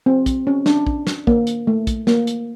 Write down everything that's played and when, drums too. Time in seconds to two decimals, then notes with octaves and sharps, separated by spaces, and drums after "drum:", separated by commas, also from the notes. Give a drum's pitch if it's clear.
0.06 C4
0.26 drum: kick, hi-hat
0.47 C#4
0.66 D4, drum: snare
0.87 drum: kick
1.07 drum: snare
1.27 A#3, drum: kick
1.47 drum: hi-hat
1.67 A3
1.87 drum: kick, hi-hat
2.07 A#3, drum: snare
2.27 drum: hi-hat